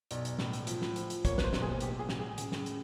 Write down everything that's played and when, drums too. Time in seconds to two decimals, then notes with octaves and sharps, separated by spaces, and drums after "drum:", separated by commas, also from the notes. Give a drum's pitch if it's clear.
0.11 B1 D5, drum: hi-hat
0.25 drum: hi-hat
0.39 A2, drum: snare
0.53 drum: hi-hat
0.67 F3, drum: hi-hat
0.82 drum: snare
0.96 F3, drum: hi-hat
1.10 drum: hi-hat
1.25 A#3 C#5, drum: kick, hi-hat
1.38 B4, drum: snare
1.44 C5
1.53 B1, drum: snare
1.62 G#4
1.80 A2 G4, drum: hi-hat
1.99 G#4
2.09 A2, drum: snare
2.19 G#4
2.38 C#3, drum: hi-hat
2.52 drum: snare
2.66 drum: hi-hat